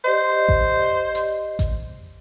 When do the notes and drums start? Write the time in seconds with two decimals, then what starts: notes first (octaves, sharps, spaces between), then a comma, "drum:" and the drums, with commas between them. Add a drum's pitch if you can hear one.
0.04 G4 C5 D5 D#5
0.49 drum: kick A1
1.15 drum: hi-hat
1.59 drum: kick A1, hi-hat